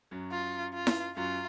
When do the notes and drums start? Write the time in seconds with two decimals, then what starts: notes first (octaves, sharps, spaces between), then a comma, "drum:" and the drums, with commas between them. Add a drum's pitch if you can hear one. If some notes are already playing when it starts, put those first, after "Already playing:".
0.11 F#2 F#3
0.32 F4
0.74 F4
0.87 drum: snare E4
1.17 F#2 F#3 F4